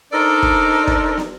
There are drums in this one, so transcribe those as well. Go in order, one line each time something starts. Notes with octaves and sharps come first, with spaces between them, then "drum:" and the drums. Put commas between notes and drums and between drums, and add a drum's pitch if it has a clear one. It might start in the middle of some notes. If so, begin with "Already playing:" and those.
D4 D#4 A4 A#4 C5 D5
drum: kick
drum: kick
drum: snare